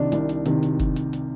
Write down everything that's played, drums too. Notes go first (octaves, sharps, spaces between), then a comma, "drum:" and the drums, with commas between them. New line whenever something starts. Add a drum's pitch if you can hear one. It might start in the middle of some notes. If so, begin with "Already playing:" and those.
Already playing: C2 C3 D#3 D4 D#4
C2, drum: hi-hat
drum: hi-hat
C3 D#3, drum: hi-hat
drum: hi-hat
drum: kick F#1, hi-hat
drum: hi-hat
drum: hi-hat